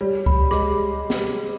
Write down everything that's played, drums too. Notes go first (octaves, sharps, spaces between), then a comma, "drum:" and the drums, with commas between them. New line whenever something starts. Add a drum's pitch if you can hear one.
G3 C#5
B5, drum: kick C#2
G#3 D6, drum: rim click
drum: snare